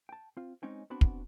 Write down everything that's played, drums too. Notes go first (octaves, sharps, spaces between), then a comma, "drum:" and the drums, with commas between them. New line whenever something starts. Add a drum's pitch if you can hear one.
G5 A5
C4 F4
G#3 C4 C#4 D#4 C#5 G5
B3 C4 D4 F#4 F#5 B5
drum: kick